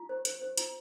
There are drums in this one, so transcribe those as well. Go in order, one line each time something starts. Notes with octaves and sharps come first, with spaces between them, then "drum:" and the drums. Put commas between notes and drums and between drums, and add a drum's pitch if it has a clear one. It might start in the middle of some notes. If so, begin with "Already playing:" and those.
Already playing: F4
C5
C5, drum: hi-hat
C5
F4, drum: hi-hat